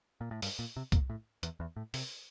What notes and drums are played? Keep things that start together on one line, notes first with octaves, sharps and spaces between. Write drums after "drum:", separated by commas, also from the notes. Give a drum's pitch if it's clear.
A#2
A2
G2, drum: open hi-hat
A#2
C3
A#2, drum: kick, hi-hat
A2
E2, drum: hi-hat
E2
A2
C3, drum: open hi-hat